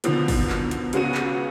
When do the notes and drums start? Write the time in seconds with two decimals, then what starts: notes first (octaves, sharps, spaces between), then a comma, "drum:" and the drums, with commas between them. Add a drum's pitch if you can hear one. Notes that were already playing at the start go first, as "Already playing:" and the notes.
0.04 B2 D3 D#3 F3 B3, drum: hi-hat
0.28 drum: kick, open hi-hat
0.50 drum: clap
0.71 drum: hi-hat
0.93 C#2 C#3 B3 F#4 D#7, drum: hi-hat
1.14 drum: clap